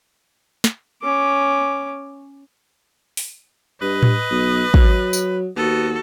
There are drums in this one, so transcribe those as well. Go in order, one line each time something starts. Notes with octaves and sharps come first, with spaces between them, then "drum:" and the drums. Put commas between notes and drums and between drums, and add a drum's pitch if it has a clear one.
drum: snare
C#4 D6
drum: open hi-hat
G2 B4 D#5
drum: tom A2
B1
F#3, drum: kick
drum: tambourine
D#2 B3 F#4 A4